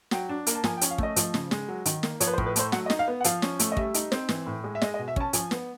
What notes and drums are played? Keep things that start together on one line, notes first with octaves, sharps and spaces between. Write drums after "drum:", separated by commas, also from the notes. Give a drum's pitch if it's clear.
F#3 G5, drum: snare
D4
A#3, drum: hi-hat
A5
F3 G#5, drum: snare
G5
C#4, drum: hi-hat
F5
A3 D#5, drum: kick
F3, drum: hi-hat
C#3, drum: snare
G#3, drum: snare
F#3
D#3, drum: hi-hat
A#3, drum: snare
F3 C#5, drum: hi-hat
B4
C5
A2, drum: kick
B4
A3 C5, drum: hi-hat
F#3 F#5, drum: snare
D#5
D#4, drum: snare
F5
B3
F#5
F3 F5, drum: hi-hat
C#4, drum: snare
A3, drum: hi-hat
D#5
G3 E5, drum: kick
D#4, drum: hi-hat
C4, drum: snare
E3, drum: snare
A2
G#3
E5
G#3 D#5, drum: snare
D#5
B2
E5
C#4 A5, drum: kick
F3 G#5, drum: hi-hat
B3, drum: snare